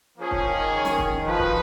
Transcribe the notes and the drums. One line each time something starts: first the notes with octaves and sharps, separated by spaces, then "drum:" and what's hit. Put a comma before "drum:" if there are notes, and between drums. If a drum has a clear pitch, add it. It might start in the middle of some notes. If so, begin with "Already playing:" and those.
F3 A#3 C#4 G#4 C#5
drum: kick
D#3
drum: snare C#4
drum: kick
F3 D#4 F#4 B4
drum: kick